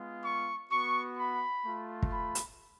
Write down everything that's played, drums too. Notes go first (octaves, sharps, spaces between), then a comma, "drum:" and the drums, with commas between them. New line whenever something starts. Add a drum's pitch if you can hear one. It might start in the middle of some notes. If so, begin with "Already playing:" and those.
Already playing: G#3 B3 F4
C#6
B3 F#4 C#6
B5
A3 F4
drum: kick
B5
drum: hi-hat